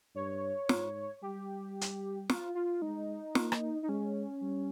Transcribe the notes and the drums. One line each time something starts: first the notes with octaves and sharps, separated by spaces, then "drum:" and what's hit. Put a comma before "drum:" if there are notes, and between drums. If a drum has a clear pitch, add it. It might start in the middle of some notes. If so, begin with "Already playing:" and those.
G2 C#5
G#2, drum: snare
G3 G4
drum: hi-hat
F4, drum: snare
F4
G#3 D#4
A#3, drum: snare
drum: rim click
D#4
G#3 C#4
G3